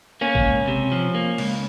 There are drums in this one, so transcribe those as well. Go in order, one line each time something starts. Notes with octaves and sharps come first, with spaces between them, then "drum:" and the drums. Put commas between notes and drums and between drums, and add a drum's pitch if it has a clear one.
A#3 C#4
drum: kick A1
C#2
C3
F3
A#3
C#2, drum: cymbal